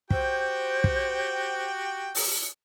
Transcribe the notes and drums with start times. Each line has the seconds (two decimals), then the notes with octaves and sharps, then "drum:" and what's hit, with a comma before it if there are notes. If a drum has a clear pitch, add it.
0.10 F#4 G4 C5 G5, drum: kick
0.84 drum: kick
2.15 drum: open hi-hat